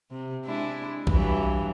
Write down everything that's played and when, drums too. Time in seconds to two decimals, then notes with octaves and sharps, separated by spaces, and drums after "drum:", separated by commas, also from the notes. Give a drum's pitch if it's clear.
0.11 C3
0.45 G#3 D4 E4
1.07 G2 E3 F#3, drum: kick B1